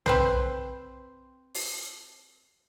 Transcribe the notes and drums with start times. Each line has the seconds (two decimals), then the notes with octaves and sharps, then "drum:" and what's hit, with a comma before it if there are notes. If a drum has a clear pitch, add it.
0.06 C4 B4 C5, drum: tom
1.54 drum: open hi-hat